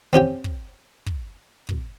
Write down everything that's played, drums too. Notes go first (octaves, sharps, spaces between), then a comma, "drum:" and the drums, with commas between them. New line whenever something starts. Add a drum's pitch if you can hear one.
C4 C#4 G4 G5
drum: kick
drum: kick
drum: kick